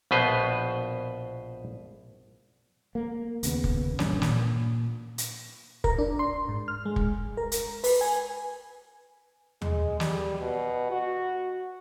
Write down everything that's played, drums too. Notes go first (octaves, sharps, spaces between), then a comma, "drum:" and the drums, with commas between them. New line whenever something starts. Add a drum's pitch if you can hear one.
A#1 B2 B4 C5
A#3
D#2 C#3 B3, drum: hi-hat
drum: kick
A#1 G2 C#4 D4, drum: snare
A#2, drum: snare
drum: hi-hat
A#4, drum: kick
D4
C6
G#2
F6
G#3
drum: kick
A#4
drum: hi-hat
B4, drum: open hi-hat
G#5
G#3, drum: tom D#2
G3, drum: snare
B2
F#4